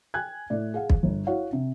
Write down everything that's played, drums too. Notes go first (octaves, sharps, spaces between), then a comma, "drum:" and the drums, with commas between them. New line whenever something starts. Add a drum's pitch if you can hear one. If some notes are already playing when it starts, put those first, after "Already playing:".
G5 G#5 F#6 G#6
A2 D5
G#4 F5 F#5
drum: kick
G1
E4 F#4 C#5 F5 F#5
C3